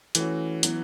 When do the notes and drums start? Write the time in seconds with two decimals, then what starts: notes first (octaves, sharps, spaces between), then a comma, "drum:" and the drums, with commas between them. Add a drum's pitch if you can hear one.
0.15 E3 A3 C#4 F#4, drum: hi-hat
0.63 F#3 B3 E4 B4, drum: hi-hat